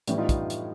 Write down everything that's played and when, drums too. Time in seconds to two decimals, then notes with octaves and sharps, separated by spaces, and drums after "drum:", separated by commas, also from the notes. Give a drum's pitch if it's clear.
0.07 A2 E3 G3 B3 C#4, drum: hi-hat
0.18 D#4 F4
0.29 drum: kick, hi-hat
0.50 drum: hi-hat